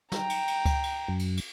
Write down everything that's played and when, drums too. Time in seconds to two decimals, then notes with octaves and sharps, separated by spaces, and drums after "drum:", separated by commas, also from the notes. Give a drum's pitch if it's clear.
0.12 G5 A#5, drum: snare
0.30 drum: cymbal
0.48 drum: cymbal
0.65 drum: kick C#2, cymbal
0.83 drum: cymbal
1.08 F#2
1.19 drum: cymbal
1.37 drum: cymbal